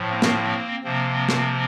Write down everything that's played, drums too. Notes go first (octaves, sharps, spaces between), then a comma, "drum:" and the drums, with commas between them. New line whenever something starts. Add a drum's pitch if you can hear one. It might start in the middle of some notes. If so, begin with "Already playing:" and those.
Already playing: A2 F3
A#3 C4
drum: snare
C3 F3 A#3 C4
drum: snare